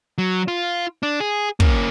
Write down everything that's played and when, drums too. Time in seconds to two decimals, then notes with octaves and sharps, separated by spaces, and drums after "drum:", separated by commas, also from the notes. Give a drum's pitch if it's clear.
0.18 F#3
0.48 F4
1.03 D4
1.20 G#4
1.60 A#3 C#4, drum: kick